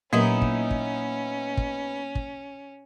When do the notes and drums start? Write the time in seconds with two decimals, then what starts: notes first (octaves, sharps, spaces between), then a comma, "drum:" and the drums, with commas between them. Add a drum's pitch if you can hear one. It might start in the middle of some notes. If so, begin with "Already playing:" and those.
0.13 A#2 F#3 A#3 B3 C#4 D#4 E4 A#4
0.42 drum: kick
0.71 drum: kick
1.57 drum: kick
2.15 drum: kick